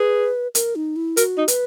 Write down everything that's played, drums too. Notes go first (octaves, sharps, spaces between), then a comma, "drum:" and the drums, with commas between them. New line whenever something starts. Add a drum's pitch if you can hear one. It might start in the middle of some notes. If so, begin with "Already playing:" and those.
Already playing: G#4 B4
A#4, drum: hi-hat
D#4
E4
F#4 A#4, drum: hi-hat
D#4
B4, drum: hi-hat